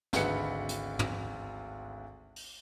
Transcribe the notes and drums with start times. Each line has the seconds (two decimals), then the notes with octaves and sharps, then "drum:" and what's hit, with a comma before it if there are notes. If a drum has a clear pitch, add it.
0.13 G#1 D2 G#3 B4 F#5 C#7, drum: snare
0.69 drum: hi-hat
0.99 drum: tom
2.36 drum: open hi-hat